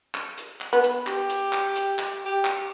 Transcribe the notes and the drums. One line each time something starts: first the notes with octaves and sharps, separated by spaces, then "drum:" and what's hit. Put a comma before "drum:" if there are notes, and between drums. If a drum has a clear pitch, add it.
drum: clap
drum: hi-hat
drum: clap
B3
drum: hi-hat
G4, drum: clap
drum: hi-hat
drum: clap
drum: hi-hat
drum: clap
G4
drum: clap